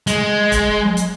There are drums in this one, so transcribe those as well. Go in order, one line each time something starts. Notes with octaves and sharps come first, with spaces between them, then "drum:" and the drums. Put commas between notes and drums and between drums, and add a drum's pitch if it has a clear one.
G#3, drum: hi-hat
drum: kick, hi-hat
drum: hi-hat